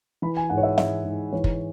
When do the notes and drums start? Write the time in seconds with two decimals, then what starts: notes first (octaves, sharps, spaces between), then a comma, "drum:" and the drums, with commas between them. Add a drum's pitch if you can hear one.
0.22 E3 B5
0.37 G#5
0.50 G#2 F#5
0.57 C#5
0.63 E5
0.78 E3 E5, drum: snare
1.05 G#2
1.32 E3 C#5
1.44 drum: kick